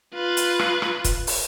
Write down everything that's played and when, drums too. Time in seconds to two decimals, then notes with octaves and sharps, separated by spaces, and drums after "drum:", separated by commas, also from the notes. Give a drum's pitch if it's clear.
0.14 F4 B4
0.37 drum: hi-hat
0.59 drum: rim click
0.82 drum: rim click
1.05 drum: kick, hi-hat
1.27 drum: open hi-hat